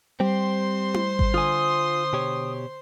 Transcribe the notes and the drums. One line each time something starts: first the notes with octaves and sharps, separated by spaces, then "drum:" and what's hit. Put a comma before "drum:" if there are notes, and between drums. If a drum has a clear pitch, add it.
G3 C4 G4 C5 C6
drum: tom E4
drum: kick G#1
D3 F4 G#5 D#6
B2 G4 C#5